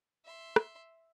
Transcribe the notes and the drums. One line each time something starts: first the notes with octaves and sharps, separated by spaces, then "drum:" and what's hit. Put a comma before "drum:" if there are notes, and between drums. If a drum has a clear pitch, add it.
E5 C6
drum: rim click